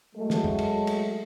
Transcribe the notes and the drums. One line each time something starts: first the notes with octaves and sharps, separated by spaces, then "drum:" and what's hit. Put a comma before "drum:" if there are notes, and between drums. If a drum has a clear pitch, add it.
F#3 G#3 A3
drum: snare
drum: tom
drum: cymbal
drum: cymbal